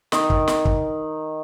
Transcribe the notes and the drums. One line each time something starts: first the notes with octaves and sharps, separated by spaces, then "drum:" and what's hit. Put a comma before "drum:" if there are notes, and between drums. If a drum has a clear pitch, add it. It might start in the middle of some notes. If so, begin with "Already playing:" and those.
D#3, drum: snare
drum: kick
drum: snare
drum: kick